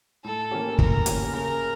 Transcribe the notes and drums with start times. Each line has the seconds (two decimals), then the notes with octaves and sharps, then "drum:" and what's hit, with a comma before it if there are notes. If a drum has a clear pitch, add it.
0.24 A2 A4
0.51 E3 A#3 C#4 G4
0.79 A2 A#4, drum: kick
1.06 E3 A#3 C#4 G4, drum: hi-hat
1.33 C#3 A#4